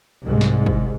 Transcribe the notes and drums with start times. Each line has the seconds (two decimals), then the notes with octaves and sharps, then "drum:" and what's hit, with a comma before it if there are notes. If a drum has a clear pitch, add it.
0.23 C2 G#2
0.41 drum: snare
0.66 drum: kick